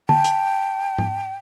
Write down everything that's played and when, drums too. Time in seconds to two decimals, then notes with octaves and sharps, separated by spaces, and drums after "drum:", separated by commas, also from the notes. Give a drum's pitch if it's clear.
0.09 G5 A5, drum: tom D3
0.24 drum: hi-hat
0.98 drum: tom G#2